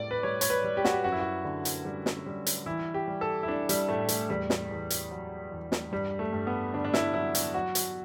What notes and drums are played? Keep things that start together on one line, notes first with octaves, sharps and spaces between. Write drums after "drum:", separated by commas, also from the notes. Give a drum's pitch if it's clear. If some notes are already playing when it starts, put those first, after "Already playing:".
Already playing: A2 G3 D5
B4
G3 C#5
C#5, drum: hi-hat
B4
G3
G4
F#4, drum: snare
G4
F#2 F#4
E4
F#4
D3
drum: hi-hat
G3
drum: snare
G3
drum: hi-hat
E3 E4
G4
G3
A4
E4
G3 D4
G3, drum: hi-hat
A2 A3
A3, drum: hi-hat
E2 G3
drum: snare
E2
drum: hi-hat
F#3
E2
drum: snare
G2 G3
A3
G2
B3
D3 D4
D4
E4, drum: snare
F#3 E4
F#4, drum: hi-hat
F#3 F#4
drum: hi-hat